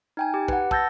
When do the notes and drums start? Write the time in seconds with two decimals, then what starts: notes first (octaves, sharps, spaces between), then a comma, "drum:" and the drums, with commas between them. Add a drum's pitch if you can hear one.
0.17 D#4 G5 G#5
0.34 G4
0.48 B4 F#5, drum: kick
0.71 A5 E6 G6 A6 A#6, drum: kick